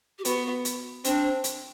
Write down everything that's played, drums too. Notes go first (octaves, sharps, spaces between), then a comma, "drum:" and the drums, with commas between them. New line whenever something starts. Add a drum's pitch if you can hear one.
G4
B3 F#4, drum: hi-hat
drum: hi-hat
C4 D4, drum: hi-hat
drum: hi-hat